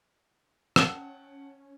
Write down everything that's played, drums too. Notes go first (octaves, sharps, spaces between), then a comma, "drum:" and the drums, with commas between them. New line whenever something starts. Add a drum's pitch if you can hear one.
C#4 F#5 G5 A5, drum: rim click